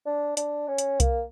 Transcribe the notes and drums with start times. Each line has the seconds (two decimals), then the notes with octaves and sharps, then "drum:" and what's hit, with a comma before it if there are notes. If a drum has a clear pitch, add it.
0.06 D4
0.37 D4, drum: hi-hat
0.68 C#4
0.78 drum: hi-hat
1.00 A#3, drum: kick C2, hi-hat